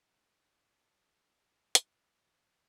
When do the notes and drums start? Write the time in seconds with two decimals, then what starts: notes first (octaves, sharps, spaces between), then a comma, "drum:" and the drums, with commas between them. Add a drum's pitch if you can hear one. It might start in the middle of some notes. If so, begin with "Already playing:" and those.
Already playing: C#4
0.43 D4
1.75 drum: hi-hat